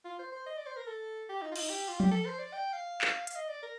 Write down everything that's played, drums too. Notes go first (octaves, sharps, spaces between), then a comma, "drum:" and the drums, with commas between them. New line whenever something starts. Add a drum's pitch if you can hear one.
F4
C5
C5
D#5
D5
C5
A#4
A4
G4
D#4
F4
D#4, drum: cymbal
G4
F4
G4, drum: tom F3
A4
C5
D5
G5
F5
drum: clap
F5, drum: hi-hat
D#5
D5
A#4